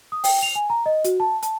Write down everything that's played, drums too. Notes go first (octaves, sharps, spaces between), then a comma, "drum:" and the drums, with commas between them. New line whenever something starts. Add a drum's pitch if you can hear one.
D#6
G5, drum: open hi-hat
F7
G#5
A#5
D#5
F#4, drum: hi-hat
A5
A5, drum: hi-hat